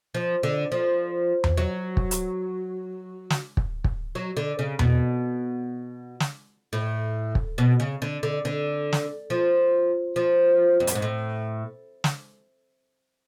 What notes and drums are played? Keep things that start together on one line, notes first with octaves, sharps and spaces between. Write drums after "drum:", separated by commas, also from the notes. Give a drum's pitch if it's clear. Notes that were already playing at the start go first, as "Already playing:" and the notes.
F3
D3
F3
drum: tom E2
F#3
drum: kick
drum: hi-hat
drum: snare
drum: kick
drum: kick
F#3
D3
C#3
B2, drum: tom E2
drum: snare
A2
drum: kick
B2
C#3
D3
D3
D3
drum: snare
F3
F3
F2
F#2, drum: hi-hat
G#2
A2
drum: snare